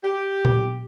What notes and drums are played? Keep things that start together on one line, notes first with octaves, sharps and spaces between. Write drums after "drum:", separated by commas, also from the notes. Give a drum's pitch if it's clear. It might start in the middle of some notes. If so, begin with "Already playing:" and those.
G4
drum: tom A#2